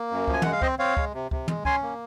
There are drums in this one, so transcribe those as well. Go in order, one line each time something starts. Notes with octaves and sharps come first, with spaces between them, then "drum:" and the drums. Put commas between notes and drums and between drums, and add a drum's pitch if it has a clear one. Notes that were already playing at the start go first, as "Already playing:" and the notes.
Already playing: A#3
F#2
F3, drum: kick C#2
G#5
G#3 F#5, drum: tom
F5
C4 C5 D#5, drum: kick C#2
C4 C#5 F5
G#3, drum: kick C#2
C3
C3, drum: kick C#2
G#3, drum: tom
C#4 G#5 C6, drum: kick C#2
A#3